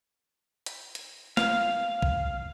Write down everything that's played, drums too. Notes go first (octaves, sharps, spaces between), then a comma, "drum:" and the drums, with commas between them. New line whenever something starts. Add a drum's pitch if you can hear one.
drum: hi-hat
drum: hi-hat
F5, drum: snare
drum: kick